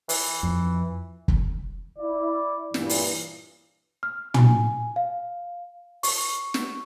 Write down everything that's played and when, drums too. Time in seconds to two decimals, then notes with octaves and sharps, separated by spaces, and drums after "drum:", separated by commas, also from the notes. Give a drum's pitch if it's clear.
0.09 E3, drum: open hi-hat
0.43 F2
1.28 drum: kick
1.98 E4 D5
2.74 G2 A#2 E3, drum: snare
2.89 drum: open hi-hat
4.03 F6
4.34 G#5, drum: tom
4.96 F5
6.03 C#6, drum: open hi-hat
6.54 drum: snare